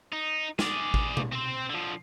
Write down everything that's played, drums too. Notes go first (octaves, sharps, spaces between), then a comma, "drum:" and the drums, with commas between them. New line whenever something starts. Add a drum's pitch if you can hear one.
D#4
G#4 D5, drum: snare
drum: kick G#1
drum: tom B2
C4 C5
D3 F3